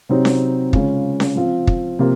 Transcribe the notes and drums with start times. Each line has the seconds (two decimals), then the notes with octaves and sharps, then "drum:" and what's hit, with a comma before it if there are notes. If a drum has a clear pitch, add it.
0.09 C3 F#3 C4 D#4
0.25 drum: snare C#4
0.73 C#3 G#3 C#4 F4, drum: kick
1.20 drum: snare C#4
1.36 F3 C4 F4
1.67 drum: kick
1.99 C3 F3 A#3 F4